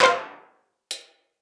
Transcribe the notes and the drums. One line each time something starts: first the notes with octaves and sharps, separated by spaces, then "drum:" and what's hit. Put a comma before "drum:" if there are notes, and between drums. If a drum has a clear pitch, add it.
B4 C5 F5, drum: clap
drum: hi-hat